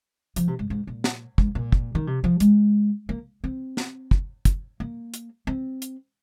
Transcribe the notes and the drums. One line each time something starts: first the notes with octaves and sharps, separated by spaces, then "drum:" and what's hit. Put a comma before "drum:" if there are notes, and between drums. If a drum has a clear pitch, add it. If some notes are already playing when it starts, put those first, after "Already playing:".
F3, drum: hi-hat
C3
G#2
G#2
A#2
drum: snare
G#2, drum: kick
A#2
drum: kick
D#3
C3
F3
G#3, drum: hi-hat
A#3
C4
drum: snare
drum: kick
drum: kick, hi-hat
A#3
drum: hi-hat
C4
drum: hi-hat